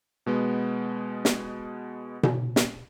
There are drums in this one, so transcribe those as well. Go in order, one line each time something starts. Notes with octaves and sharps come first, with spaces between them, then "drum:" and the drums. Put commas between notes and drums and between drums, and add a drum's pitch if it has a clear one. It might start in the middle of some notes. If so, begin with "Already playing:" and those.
B2 G#3 B3
drum: snare
drum: tom B2
drum: snare